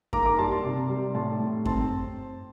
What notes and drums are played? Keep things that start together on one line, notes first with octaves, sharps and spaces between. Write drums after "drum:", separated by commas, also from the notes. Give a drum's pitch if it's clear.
A#3 A#5 D6, drum: kick F#2
A#5 D6
G3 A5 C6
A5 C6
C3
G3
A2 A5 C6
A2
C4 A5 C6, drum: kick F#2